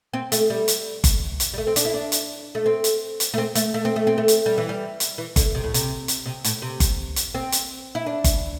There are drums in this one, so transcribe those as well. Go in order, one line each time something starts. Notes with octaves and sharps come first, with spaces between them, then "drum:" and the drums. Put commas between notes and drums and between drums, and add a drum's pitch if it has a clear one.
C4
A3, drum: hi-hat
G3
drum: hi-hat
drum: kick G1, hi-hat
drum: hi-hat
G3
A3
C4
D4, drum: hi-hat
E4
D4
drum: hi-hat
A3
C4
drum: hi-hat
drum: hi-hat
A3
C4
A3, drum: hi-hat
A3
C4
A3
C4
A3
drum: hi-hat
G3
E3
G3
drum: hi-hat
E3
D3, drum: kick G1, hi-hat
C3
A2
C3, drum: hi-hat
drum: hi-hat
C3
A2, drum: hi-hat
C3
drum: kick G1, hi-hat
drum: hi-hat
C4
drum: hi-hat
E4
D4
drum: kick G1, hi-hat